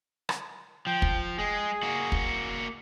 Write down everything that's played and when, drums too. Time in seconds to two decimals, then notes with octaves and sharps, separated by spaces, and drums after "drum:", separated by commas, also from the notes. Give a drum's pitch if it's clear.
0.29 drum: rim click
0.87 F3 G5
1.02 drum: kick
1.39 G#3 G#4
1.83 A#3 F#4
2.12 drum: kick